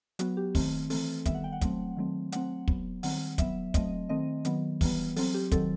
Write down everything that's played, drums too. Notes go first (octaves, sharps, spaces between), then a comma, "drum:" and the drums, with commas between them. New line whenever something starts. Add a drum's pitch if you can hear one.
F#3 B3 F#4, drum: hi-hat
G4
D#3 A3 C4, drum: kick, open hi-hat
E3 A3 C4 A4, drum: open hi-hat
D#3 G3 B3 E5, drum: kick, hi-hat
F#5
G5
F#5
F#3 A3 C4, drum: kick, hi-hat
D#3 F#3 A3 C4
F#3 A3 C4 F#5, drum: hi-hat
F#3 B3, drum: kick
D#3 G3 C4 F#5, drum: open hi-hat
F#3 B3 E5, drum: kick, hi-hat
F#3 A3 C4 D#5, drum: kick, hi-hat
D#3 A3 C4 D#5
D#3 F#3 B3, drum: hi-hat
E3 G3 B3, drum: kick, open hi-hat
F#3 C4 A4, drum: open hi-hat
G4
D#3 F#3 C4 A4, drum: kick, hi-hat